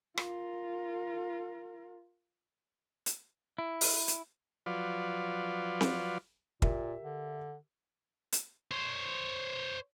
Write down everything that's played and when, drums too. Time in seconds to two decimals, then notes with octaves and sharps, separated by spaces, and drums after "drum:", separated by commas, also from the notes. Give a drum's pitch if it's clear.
0.17 F4 A#4, drum: rim click
3.06 drum: hi-hat
3.58 E4
3.81 drum: open hi-hat
4.08 drum: hi-hat
4.66 F3 F#3 F4 B4 D5
5.81 drum: snare C4
6.62 A#2 G4 A#4 E5, drum: kick
7.02 D3
8.32 drum: hi-hat
8.71 C5 C#5